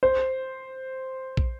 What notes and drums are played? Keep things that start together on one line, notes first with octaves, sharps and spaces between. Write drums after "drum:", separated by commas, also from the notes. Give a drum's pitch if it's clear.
C5
drum: kick